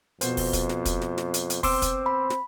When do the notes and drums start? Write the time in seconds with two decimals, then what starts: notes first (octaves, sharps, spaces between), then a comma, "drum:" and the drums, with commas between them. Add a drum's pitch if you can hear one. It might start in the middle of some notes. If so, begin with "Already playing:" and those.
0.21 F2 B2 C5, drum: hi-hat
0.37 drum: kick, open hi-hat
0.53 drum: kick, hi-hat
0.69 drum: snare
0.85 drum: kick, hi-hat
1.01 drum: snare
1.18 drum: snare
1.34 drum: hi-hat
1.50 drum: hi-hat
1.63 C4 C6 D6 E6, drum: kick, open hi-hat
1.82 drum: kick, hi-hat
2.06 B5
2.30 drum: snare